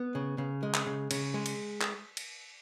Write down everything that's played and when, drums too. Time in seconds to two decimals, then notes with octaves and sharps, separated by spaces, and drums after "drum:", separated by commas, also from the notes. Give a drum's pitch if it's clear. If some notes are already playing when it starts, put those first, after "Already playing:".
Already playing: B3
0.15 C#3
0.38 C#3
0.63 G#3
0.74 drum: clap
0.86 C#3
1.11 C#3, drum: cymbal
1.34 G#3
1.46 drum: cymbal
1.81 drum: clap
2.17 drum: cymbal